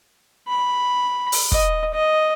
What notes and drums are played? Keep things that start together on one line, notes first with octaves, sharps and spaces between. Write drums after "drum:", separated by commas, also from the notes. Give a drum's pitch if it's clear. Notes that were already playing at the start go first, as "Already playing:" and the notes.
B5
drum: open hi-hat
D#5, drum: kick
D#5